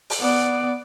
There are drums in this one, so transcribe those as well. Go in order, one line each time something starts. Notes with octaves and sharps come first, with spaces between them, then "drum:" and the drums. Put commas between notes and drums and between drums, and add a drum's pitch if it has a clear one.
drum: open hi-hat
B3 D5